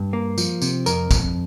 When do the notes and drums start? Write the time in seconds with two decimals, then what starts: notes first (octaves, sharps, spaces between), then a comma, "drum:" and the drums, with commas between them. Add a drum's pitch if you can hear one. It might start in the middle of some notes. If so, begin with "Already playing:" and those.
Already playing: G2
0.13 A#3
0.38 F3, drum: tambourine
0.62 C3, drum: tambourine
0.86 F2 A#4, drum: tambourine
1.11 F2, drum: kick, tambourine